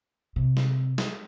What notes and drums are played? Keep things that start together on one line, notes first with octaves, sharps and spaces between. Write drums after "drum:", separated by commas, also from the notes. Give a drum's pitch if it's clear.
C3
drum: snare
drum: snare